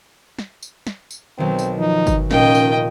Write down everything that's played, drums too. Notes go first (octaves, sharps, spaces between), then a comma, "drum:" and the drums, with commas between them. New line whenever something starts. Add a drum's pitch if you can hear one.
drum: snare
drum: tambourine
drum: snare
drum: tambourine
B1 D#3 C4
drum: tambourine
F3 D#4
drum: kick G1, tambourine
F1 A#2 D#3 C#4 D#5 G5, drum: snare
drum: tambourine